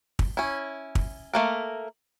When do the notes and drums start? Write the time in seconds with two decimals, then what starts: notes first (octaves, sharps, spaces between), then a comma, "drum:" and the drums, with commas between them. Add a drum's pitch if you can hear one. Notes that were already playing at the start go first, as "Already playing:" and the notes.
0.19 drum: kick
0.37 C#4 E4
0.95 drum: kick
1.33 A3 A#3 A#4